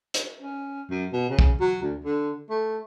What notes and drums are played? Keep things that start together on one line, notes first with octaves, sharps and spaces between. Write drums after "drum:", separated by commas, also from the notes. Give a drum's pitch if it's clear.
drum: hi-hat
C#4
F#2
B2
C#3
drum: kick
F#3
D2
D3
A3